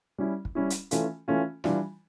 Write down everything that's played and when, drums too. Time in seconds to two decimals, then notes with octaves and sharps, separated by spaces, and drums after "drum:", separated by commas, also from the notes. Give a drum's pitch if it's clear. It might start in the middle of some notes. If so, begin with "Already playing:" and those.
0.18 G3 C#4 E4
0.45 drum: kick
0.55 G3 C#4 E4
0.70 drum: hi-hat
0.91 E3 A3 C#4 F4, drum: hi-hat
1.28 E3 A3 C#4 F4
1.64 E3 G3 D4 F4, drum: snare